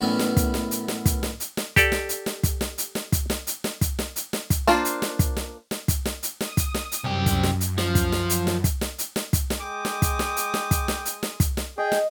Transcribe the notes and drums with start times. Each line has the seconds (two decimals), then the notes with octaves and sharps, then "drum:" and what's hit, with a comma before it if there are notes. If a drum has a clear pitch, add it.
0.01 F#2 A2 E3 B3 C#4 D5
0.19 drum: snare
0.37 drum: kick, hi-hat
0.54 drum: snare
0.71 drum: hi-hat
0.88 drum: snare
1.06 drum: kick, hi-hat
1.23 drum: snare
1.40 drum: hi-hat
1.57 drum: snare
1.76 G4 A4 D5, drum: kick, hi-hat
1.92 drum: snare
2.09 drum: hi-hat
2.26 drum: snare
2.43 drum: kick, hi-hat
2.61 drum: snare
2.78 drum: hi-hat
2.95 drum: snare
3.12 drum: kick, hi-hat
3.30 drum: snare
3.47 drum: hi-hat
3.64 drum: snare
3.81 drum: kick, hi-hat
3.99 drum: snare
4.16 drum: hi-hat
4.33 drum: snare
4.50 drum: kick, hi-hat
4.67 A#3 D4 F4 C5, drum: snare
4.85 drum: hi-hat
5.02 drum: snare
5.19 drum: kick, hi-hat
5.37 drum: snare
5.71 drum: snare
5.88 drum: kick, hi-hat
6.05 drum: snare
6.23 drum: hi-hat
6.41 D#6, drum: snare
6.57 drum: kick, hi-hat
6.74 drum: snare
6.92 drum: hi-hat
7.04 C2 F#2 G4
7.26 drum: kick, hi-hat
7.43 drum: snare
7.61 drum: hi-hat
7.78 F3, drum: snare
7.95 drum: kick, hi-hat
8.12 drum: snare
8.30 drum: hi-hat
8.47 drum: snare
8.64 drum: kick, hi-hat
8.81 drum: snare
8.99 drum: hi-hat
9.16 drum: snare
9.33 drum: kick, hi-hat
9.50 drum: snare
9.60 G#3 G5 D6 D#6
9.85 drum: snare
10.02 drum: kick, hi-hat
10.19 drum: snare
10.36 drum: hi-hat
10.54 drum: snare
10.71 drum: kick, hi-hat
10.88 drum: snare
11.05 drum: hi-hat
11.23 drum: snare
11.40 drum: kick, hi-hat
11.57 drum: snare
11.78 G#4 D#5 G5
11.92 drum: snare